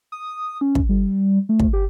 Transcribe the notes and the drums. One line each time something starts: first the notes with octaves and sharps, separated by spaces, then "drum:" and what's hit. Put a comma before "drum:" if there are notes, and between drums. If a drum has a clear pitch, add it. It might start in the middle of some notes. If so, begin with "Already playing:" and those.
D#6
C#4
drum: kick
G3
A3
drum: kick
G4